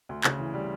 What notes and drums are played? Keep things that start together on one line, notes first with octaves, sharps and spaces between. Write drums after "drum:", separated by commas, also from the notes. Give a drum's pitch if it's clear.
D2
C#3, drum: clap
E3
G3